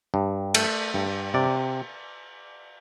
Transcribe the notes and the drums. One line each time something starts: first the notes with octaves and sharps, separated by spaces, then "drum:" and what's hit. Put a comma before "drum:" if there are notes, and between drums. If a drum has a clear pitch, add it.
G2
A3, drum: cymbal
G2
C3 D5